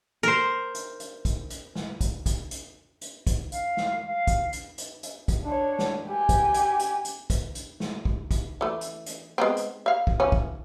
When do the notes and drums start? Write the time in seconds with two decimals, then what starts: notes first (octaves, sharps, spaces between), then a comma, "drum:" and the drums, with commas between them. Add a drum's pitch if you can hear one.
0.23 A#4 C5
0.75 drum: hi-hat
1.00 drum: hi-hat
1.25 drum: kick, hi-hat
1.50 drum: hi-hat
1.75 drum: snare
2.01 drum: kick, hi-hat
2.26 drum: kick, hi-hat
2.51 drum: hi-hat
3.01 drum: hi-hat
3.27 drum: kick, hi-hat
3.52 F5, drum: hi-hat
3.77 drum: snare
4.07 F5
4.27 drum: kick, hi-hat
4.53 drum: hi-hat
4.78 drum: hi-hat
5.03 drum: hi-hat
5.28 drum: kick, hi-hat
5.44 D4 C#5
5.79 drum: snare
6.08 G4 G#5
6.29 drum: kick, hi-hat
6.54 drum: hi-hat
6.79 drum: hi-hat
7.05 drum: hi-hat
7.30 drum: kick, hi-hat
7.55 drum: hi-hat
7.80 drum: snare
8.05 drum: kick
8.31 drum: kick, hi-hat
8.61 E3 A3
8.81 drum: hi-hat
9.06 drum: hi-hat
9.38 G#3 B3 C4
9.57 drum: hi-hat
9.86 E5 F5
10.07 drum: kick
10.20 E3 F3 C#4
10.32 drum: kick